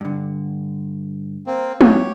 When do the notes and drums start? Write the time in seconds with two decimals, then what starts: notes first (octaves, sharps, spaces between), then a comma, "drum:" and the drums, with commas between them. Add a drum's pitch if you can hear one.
0.01 G2 D3
1.47 A#3 C4
1.81 F#3 G4 C#5, drum: tom